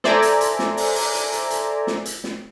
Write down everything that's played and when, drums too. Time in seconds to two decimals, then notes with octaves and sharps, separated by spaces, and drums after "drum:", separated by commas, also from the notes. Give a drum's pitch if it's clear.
0.04 A4 C5 D5 E5 G#5 A#5, drum: snare
0.22 drum: hi-hat
0.41 drum: hi-hat
0.59 drum: snare
0.77 drum: open hi-hat
0.96 drum: open hi-hat
1.14 drum: hi-hat
1.32 drum: hi-hat
1.51 drum: hi-hat
1.87 drum: snare
2.05 drum: hi-hat
2.24 drum: snare